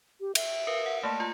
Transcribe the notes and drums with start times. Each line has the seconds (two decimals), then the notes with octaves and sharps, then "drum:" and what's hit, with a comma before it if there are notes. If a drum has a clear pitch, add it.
0.21 G4
0.35 E5, drum: cymbal
0.67 A#4 B4 F5
0.86 F#5
1.03 A3 A#3 A5
1.20 F4